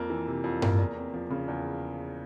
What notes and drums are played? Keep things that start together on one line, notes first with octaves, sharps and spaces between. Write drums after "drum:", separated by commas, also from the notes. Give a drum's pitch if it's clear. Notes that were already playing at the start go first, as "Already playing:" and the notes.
Already playing: F2 A#3
E3
C3
F2
A#3, drum: tom G2
E2
C4
F3
C#3
E2